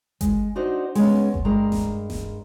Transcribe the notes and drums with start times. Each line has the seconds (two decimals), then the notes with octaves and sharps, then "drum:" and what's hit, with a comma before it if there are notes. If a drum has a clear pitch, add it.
0.21 G#3, drum: kick G1, hi-hat
0.56 D4 D#4 F#4 C5
0.95 G#3 B3 C#4, drum: open hi-hat
1.34 drum: kick G1
1.45 G2 G#3 A#4 A#5
1.72 drum: snare E1
2.10 drum: snare E1